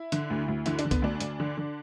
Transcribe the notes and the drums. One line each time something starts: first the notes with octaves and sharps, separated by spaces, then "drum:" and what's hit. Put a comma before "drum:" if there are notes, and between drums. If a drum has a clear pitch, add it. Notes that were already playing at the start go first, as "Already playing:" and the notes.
Already playing: E4
D3, drum: hi-hat
D2
D2
D3 E4, drum: hi-hat
D4, drum: hi-hat
D3
B3, drum: kick, hi-hat
D2 D4
D2, drum: hi-hat
D3
D3